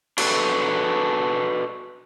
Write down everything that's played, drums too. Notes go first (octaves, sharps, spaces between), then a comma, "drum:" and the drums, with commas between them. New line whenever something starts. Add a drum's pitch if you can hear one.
D4 F#4 A4 B4, drum: cymbal